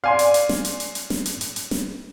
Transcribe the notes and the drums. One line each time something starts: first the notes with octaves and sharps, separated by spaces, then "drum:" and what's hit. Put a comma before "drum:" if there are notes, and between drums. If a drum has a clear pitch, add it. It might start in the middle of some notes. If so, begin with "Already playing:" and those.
D5 F5 G#5 C6
drum: hi-hat
drum: hi-hat
drum: snare
drum: hi-hat
drum: hi-hat
drum: hi-hat
drum: snare
drum: hi-hat
drum: hi-hat
drum: hi-hat
drum: snare